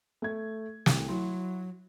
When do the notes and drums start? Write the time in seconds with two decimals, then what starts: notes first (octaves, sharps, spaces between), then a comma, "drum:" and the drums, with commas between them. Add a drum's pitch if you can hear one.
0.22 A3 G#6
0.86 C2, drum: snare
1.08 F#3 E4 C6